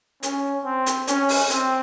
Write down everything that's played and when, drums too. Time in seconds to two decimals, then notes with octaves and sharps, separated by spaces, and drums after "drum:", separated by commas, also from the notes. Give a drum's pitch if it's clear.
0.23 C#4, drum: hi-hat
0.65 C4
0.86 drum: hi-hat
1.07 C#4, drum: hi-hat
1.29 drum: open hi-hat
1.50 C4, drum: hi-hat